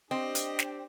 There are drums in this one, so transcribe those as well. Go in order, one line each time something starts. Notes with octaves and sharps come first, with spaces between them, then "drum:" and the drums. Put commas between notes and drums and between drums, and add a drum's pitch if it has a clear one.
C4 D4 G4 D#5
drum: hi-hat
drum: snare